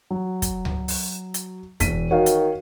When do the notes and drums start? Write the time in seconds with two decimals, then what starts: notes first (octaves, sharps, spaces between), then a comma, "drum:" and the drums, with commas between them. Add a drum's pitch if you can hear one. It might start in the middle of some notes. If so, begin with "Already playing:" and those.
0.11 F#3
0.42 drum: kick, hi-hat
0.65 drum: tom C#2
0.88 drum: open hi-hat
1.34 drum: hi-hat
1.80 E1 B6 D#7, drum: kick, hi-hat
2.11 D#3 F#4 C#5 F5
2.26 drum: hi-hat